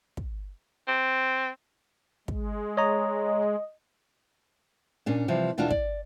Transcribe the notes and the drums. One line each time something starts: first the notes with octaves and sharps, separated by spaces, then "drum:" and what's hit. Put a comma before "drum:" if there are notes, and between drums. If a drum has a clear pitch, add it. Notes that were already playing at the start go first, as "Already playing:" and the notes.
drum: kick
C4
G#3, drum: kick
C#5 D#5 A#5
A#2 C#4 D4
C3 E3 F3 G3
D#2 B2 E3 D4 F4 A5
D5, drum: kick